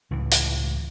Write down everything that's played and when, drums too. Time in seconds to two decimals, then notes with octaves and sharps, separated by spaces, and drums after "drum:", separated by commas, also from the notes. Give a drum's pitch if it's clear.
0.11 C#2 A2 E3
0.31 drum: hi-hat